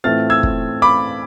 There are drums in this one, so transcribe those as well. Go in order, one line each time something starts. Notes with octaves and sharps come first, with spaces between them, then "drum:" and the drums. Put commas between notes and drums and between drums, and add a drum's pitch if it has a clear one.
A2 E3 A3 C4 F4 F6 A6
E6 G#6
drum: kick
B5 D6